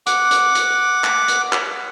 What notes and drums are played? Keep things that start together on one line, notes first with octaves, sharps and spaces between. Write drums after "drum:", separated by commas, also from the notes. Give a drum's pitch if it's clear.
F#5 D6, drum: hi-hat
drum: hi-hat
drum: hi-hat
drum: clap
drum: hi-hat
drum: clap